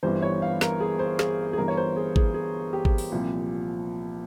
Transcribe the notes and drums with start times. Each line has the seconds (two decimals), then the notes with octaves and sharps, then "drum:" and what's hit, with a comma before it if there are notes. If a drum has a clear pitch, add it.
0.03 G1 G2 E3 C5
0.22 C#5
0.42 F5
0.61 A#4, drum: snare
0.80 G#4
0.99 C5
1.19 G#4, drum: snare
1.53 G#4
1.58 G1 G2 E3 A#4
1.68 C#5
1.77 C5
1.96 G#4
2.16 G#4, drum: kick G#1
2.34 G#4
2.73 G4
2.85 drum: kick G#1
2.98 drum: open hi-hat
3.12 C2 A#2 F3